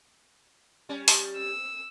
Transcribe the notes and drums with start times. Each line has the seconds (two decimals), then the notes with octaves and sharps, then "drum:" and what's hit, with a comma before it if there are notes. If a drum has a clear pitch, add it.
0.89 G3 C#4
1.08 drum: open hi-hat
1.36 E6